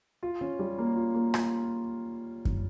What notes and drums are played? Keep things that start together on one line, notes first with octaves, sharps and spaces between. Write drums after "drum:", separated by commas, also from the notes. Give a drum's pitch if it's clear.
F4
C#4
G3
A#3
F4
A#3
F4, drum: rim click
drum: kick F#2